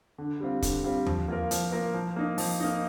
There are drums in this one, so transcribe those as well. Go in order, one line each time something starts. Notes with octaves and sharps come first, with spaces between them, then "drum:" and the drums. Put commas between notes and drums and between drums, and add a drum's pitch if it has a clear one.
D3
G3 C4 F4
D3, drum: kick, hi-hat
G3 C4 F4
F3, drum: tom E2
A#3 F4 A#4
F3, drum: hi-hat
A#3 F4 A#4
F3
A#3 D#4
F3, drum: open hi-hat
A#3 D#4